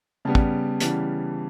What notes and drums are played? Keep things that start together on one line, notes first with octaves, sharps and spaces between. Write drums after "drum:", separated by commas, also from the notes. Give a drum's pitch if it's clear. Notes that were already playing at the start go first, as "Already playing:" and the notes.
C#3 G3 B3 A5
drum: kick
C#3 E3 G3 B3 A5, drum: hi-hat